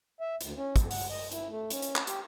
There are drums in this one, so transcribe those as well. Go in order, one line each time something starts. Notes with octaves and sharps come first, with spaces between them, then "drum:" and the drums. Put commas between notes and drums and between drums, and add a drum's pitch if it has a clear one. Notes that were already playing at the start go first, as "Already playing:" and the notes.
E5
D2, drum: hi-hat
C#4
F2, drum: kick, hi-hat
F#5, drum: open hi-hat
D#5
E4, drum: hi-hat
A3
C#4, drum: hi-hat
drum: hi-hat
drum: clap
G4, drum: hi-hat